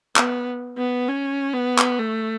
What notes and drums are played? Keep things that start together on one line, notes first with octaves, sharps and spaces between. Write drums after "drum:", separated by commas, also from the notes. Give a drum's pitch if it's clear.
B3, drum: clap
B3
C#4
B3
drum: clap
A3